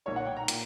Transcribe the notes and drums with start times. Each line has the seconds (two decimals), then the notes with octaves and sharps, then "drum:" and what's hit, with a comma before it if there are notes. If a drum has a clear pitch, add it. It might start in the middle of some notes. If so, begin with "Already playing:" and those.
0.06 B1 A#2 A#3 C#5
0.16 F#5
0.27 G5
0.37 A#5
0.48 A#2, drum: hi-hat